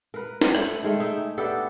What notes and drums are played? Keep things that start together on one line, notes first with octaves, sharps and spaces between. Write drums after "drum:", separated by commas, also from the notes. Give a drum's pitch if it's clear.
A#4 B4
drum: snare
A3, drum: rim click
D#3 G#3 A3
D#4 E5 G5
B3 D4 G4 A4